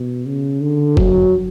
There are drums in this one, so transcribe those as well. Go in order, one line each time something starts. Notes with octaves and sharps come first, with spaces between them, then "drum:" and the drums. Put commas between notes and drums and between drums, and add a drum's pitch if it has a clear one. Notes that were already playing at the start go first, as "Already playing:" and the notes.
Already playing: B2
C#3
D3
F#3, drum: kick